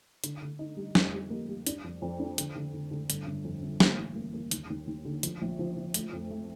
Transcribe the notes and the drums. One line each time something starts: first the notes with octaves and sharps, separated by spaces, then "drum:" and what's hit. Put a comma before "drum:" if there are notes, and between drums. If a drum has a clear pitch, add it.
D3, drum: hi-hat
D3
D#4
G3
F2, drum: snare
G3
A#3
G3
D4, drum: hi-hat
F2
F2
D4
D3, drum: hi-hat
D3
D3
D3
G1, drum: hi-hat
G1
F2
G1
A#3, drum: snare
A1
A#3
A#3
D#2, drum: hi-hat
D#2
D#2
D3
F3, drum: hi-hat
A#1
F3
F3
A3, drum: hi-hat
F2
A3